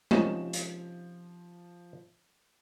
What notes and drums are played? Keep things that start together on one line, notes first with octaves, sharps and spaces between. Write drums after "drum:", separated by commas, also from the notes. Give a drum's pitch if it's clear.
C3 F3 C#4 D#4 E7, drum: tom G#3
drum: hi-hat